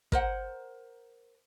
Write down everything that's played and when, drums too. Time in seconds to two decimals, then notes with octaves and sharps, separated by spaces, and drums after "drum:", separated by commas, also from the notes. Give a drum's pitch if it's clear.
0.12 A#4 C5 F#5, drum: kick